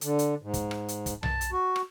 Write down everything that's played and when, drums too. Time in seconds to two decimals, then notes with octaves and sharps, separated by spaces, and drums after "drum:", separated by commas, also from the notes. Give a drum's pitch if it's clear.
0.01 D3, drum: hi-hat
0.19 drum: hi-hat
0.42 G#2
0.54 drum: kick, hi-hat
0.71 drum: rim click
0.88 drum: hi-hat
1.06 drum: kick, hi-hat
1.23 A5, drum: tom B1
1.41 drum: hi-hat
1.52 F#4
1.76 drum: rim click